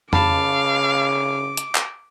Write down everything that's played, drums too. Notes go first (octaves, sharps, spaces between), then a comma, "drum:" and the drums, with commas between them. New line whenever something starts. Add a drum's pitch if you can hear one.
C#3 F5 A5 B5 D6, drum: tom F2
drum: hi-hat
drum: clap